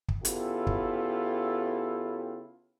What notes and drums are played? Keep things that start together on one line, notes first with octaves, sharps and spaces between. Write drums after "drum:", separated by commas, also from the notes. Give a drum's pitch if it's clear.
drum: kick
C#3 B3 E4 F4 G4 A4, drum: hi-hat
drum: kick